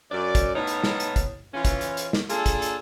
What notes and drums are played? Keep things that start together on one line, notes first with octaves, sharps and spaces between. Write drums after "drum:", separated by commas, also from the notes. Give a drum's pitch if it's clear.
F#2 D5
drum: kick, hi-hat
A2 B3 D#4 C#5 F5 A5
drum: hi-hat
drum: snare
drum: hi-hat
drum: kick, hi-hat
E3 C#4 F4
drum: kick, hi-hat
drum: hi-hat
drum: hi-hat
drum: snare
A#3 D4 F4 G#4 A4, drum: hi-hat
drum: kick, hi-hat
drum: hi-hat